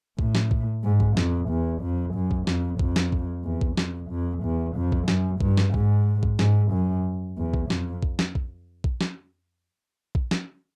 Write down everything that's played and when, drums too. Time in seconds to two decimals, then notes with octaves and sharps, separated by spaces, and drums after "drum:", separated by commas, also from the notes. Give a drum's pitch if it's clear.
0.19 A2, drum: kick A#1
0.35 drum: snare
0.51 drum: kick A#1
0.84 G#2
1.00 drum: kick A#1
1.17 F2, drum: snare
1.49 E2
1.82 F2
2.14 F#2
2.31 drum: kick A#1
2.47 F2, drum: snare
2.79 F2, drum: kick A#1
2.96 drum: snare
3.12 drum: kick A#1
3.44 E2
3.61 drum: kick A#1
3.77 F2, drum: snare
4.10 F2
4.43 E2
4.76 F2
4.92 drum: kick A#1
5.08 F#2, drum: snare
5.41 G2, drum: kick A#1
5.57 drum: snare
5.74 G#2, drum: kick A#1
6.23 drum: kick A#1
6.39 G#2, drum: snare
6.72 F#2
7.38 E2
7.54 drum: kick A#1
7.70 F2, drum: snare
8.03 drum: kick A#1
8.19 drum: snare
8.35 drum: kick A#1
8.84 drum: kick A#1
9.01 drum: snare
10.15 drum: kick A#1
10.31 drum: snare